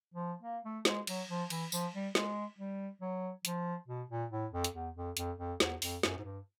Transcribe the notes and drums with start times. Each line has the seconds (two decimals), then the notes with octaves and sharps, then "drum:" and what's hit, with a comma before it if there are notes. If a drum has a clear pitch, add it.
0.14 F3
0.42 A#3
0.65 A3
0.85 G#3, drum: snare
1.07 F#3, drum: cymbal
1.29 F3
1.50 E3, drum: cymbal
1.72 F3, drum: tambourine
1.94 G3
2.15 G#3, drum: snare
2.58 G3
3.01 F#3
3.45 F3, drum: hi-hat
3.88 B2
4.10 A#2
4.31 A2
4.52 F2
4.64 drum: hi-hat
4.74 E2
4.95 F2
5.17 F2, drum: hi-hat
5.38 F2
5.60 E2, drum: snare
5.82 F2, drum: open hi-hat
6.03 F#2, drum: snare
6.18 G#2
6.24 G2